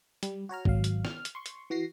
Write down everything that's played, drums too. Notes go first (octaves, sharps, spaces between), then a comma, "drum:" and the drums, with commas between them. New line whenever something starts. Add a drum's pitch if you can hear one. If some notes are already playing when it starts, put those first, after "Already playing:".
G3, drum: hi-hat
F#4 C#5 A#5 F6
G#1 F#3 F5, drum: kick A#1
drum: hi-hat
F6, drum: snare
drum: hi-hat
C6 C#6
drum: hi-hat
E3 F#4 A#6 C7